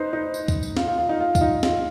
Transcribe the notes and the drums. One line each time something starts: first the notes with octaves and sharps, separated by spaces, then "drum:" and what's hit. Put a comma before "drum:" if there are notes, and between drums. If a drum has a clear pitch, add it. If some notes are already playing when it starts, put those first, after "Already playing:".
Already playing: D#4 B4 C5
D#4
drum: tambourine
drum: kick, tambourine
drum: tambourine
F4, drum: snare
F4
F4
D#4
F4
F4, drum: kick, tambourine
D#4
F4, drum: snare